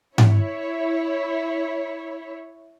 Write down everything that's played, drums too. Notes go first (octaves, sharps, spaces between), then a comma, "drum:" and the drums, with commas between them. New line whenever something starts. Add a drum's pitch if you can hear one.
E4 C#5, drum: tom G#2